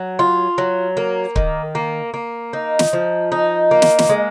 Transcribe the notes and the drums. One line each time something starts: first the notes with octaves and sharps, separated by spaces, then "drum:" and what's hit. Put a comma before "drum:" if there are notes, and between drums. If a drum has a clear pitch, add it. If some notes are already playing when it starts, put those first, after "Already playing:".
Already playing: F#3
F4
F#3
A#3
D#3, drum: kick
A#3
A#3
D#4
drum: snare
F3
D#4
A#3
drum: snare
drum: snare
G#3